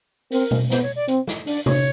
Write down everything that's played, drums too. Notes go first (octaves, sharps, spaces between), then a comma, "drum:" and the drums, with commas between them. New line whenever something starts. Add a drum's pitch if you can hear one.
C4 A#4, drum: open hi-hat
drum: tom B2
B3 C5, drum: snare
C#5
D5
C4, drum: hi-hat
drum: snare
D4 D5, drum: open hi-hat
C#5, drum: tom